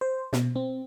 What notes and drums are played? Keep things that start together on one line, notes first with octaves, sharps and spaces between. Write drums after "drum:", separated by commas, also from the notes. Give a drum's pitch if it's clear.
C5
B2, drum: snare
C4